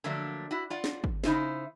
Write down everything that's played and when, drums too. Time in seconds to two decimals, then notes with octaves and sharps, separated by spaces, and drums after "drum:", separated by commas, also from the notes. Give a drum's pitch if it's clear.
0.04 D3 F3 F#3 A3 A#3 D4
0.51 E4 F#4
0.70 F4 D5 F#5
0.84 drum: snare
1.04 drum: kick
1.24 C#3 D#4 E4 C5, drum: snare